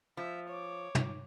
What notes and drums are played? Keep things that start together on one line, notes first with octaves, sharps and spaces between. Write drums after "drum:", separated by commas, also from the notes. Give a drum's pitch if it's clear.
F3 E5
C#5 D6
drum: tom